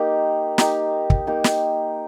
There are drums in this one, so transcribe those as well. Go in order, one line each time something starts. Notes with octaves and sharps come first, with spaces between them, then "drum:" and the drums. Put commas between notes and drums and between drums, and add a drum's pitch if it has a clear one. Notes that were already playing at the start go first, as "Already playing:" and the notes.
Already playing: A#3 D#4 G4
A#3 D#4 G4, drum: snare
drum: kick
A#3 D#4 G4
drum: snare